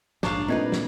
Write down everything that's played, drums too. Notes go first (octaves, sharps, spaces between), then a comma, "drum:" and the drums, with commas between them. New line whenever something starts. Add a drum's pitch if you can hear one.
A#1 G#2 F#3 D4 F5, drum: snare
A#2 G3 A3 C4 D#4 B4 G#6
drum: snare